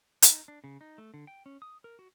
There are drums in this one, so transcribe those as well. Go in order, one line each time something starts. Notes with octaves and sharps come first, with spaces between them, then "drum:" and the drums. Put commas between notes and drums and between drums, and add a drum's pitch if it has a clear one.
D#4, drum: hi-hat
D4
C#3
D#4
A3
D3
G5
C#4
D#6
A#4
F#4